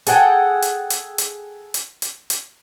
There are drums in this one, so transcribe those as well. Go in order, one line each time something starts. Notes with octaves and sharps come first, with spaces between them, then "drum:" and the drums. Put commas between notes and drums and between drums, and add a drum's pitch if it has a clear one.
G#4 A4 F#5 G5, drum: hi-hat
drum: hi-hat
drum: hi-hat
drum: hi-hat
drum: hi-hat
drum: hi-hat
drum: hi-hat